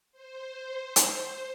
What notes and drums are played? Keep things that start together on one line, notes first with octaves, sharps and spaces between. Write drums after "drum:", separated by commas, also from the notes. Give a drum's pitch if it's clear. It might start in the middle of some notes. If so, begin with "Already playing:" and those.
C5
drum: hi-hat